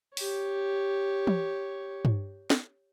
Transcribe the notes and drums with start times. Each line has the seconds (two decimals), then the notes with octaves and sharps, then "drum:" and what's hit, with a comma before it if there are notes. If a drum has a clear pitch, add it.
0.17 G4 C#5, drum: open hi-hat
1.27 drum: tom
2.05 drum: tom
2.50 drum: snare